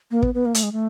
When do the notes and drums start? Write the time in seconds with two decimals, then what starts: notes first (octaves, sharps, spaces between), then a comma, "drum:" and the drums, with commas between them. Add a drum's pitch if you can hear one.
0.11 A#3
0.22 B3, drum: kick
0.34 B3
0.46 A#3
0.55 A3, drum: hi-hat
0.63 G#3
0.72 A3